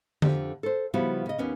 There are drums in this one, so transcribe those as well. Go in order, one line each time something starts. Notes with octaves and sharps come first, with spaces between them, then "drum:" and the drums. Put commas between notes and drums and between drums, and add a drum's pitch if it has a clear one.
F2 D3 G4, drum: tom D3
A4 C5
C#3 F3 G3 B3 E4 F#4
C#3 D#5
D#2 B3 C#4